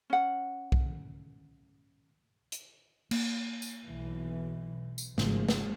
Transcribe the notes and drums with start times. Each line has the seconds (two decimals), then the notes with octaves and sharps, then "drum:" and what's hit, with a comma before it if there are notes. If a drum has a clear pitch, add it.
0.10 C#4 F#5
0.72 drum: kick B1
2.52 drum: hi-hat
3.11 A#3, drum: cymbal
3.62 drum: tambourine
3.86 B1 B2 E3
4.98 drum: tambourine
5.18 G#1 G#2 C#3 F3 G#3 A3, drum: snare
5.49 drum: snare